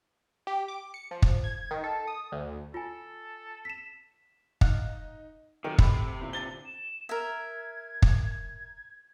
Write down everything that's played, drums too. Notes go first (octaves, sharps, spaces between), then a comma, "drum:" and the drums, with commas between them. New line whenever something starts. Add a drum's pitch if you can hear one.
G4
D6
C#7
F3
drum: kick
G#6
D#3
A4
D#6
D2
F4 A4 G#5
B6 E7
D#4 F5 F#5, drum: kick
C3 D#3 F#3 G4
A3 F#4 B5, drum: kick
G1 A#2 E4
D4 C5 A6 G7
E7
A#4 E5 G#6
drum: kick